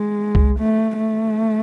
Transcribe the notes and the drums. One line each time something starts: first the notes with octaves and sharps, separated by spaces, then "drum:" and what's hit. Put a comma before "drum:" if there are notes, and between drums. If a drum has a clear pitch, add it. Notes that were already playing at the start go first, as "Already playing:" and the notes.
Already playing: G#3
drum: kick C2
A3
A3